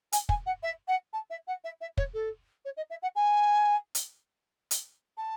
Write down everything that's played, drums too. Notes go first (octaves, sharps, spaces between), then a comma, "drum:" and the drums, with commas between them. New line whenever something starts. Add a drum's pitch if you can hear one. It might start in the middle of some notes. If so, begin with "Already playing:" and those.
G#5, drum: hi-hat
G#5, drum: kick
F#5
E5
F#5
A5
E5
F#5
E5
E5
C#5, drum: kick
A4
C#5
D#5
E5
F#5
G#5
drum: hi-hat
drum: hi-hat
A5